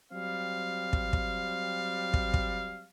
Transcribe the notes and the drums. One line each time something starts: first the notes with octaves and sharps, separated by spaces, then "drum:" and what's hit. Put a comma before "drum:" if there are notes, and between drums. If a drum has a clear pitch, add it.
F#3 G3 C4 F5
drum: kick
drum: kick
drum: kick
drum: kick